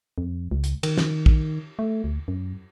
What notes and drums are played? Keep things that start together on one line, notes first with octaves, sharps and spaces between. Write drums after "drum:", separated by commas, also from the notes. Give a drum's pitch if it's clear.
F2
C#2
drum: hi-hat
D#3, drum: cymbal
drum: snare
drum: kick
A3
D2
F#2